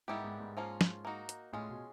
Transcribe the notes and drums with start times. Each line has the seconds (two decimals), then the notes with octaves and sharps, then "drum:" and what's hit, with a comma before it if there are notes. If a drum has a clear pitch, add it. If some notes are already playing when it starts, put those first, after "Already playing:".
0.08 G#2 D#3 G3 B3 E4 G4
0.24 G#2
0.40 G#2
0.57 F3 A#3 C#4 F4
0.81 drum: snare
1.05 A#3 D#4 F#4
1.29 drum: hi-hat
1.53 A2 G#3 C#4 F4 G#4
1.69 B2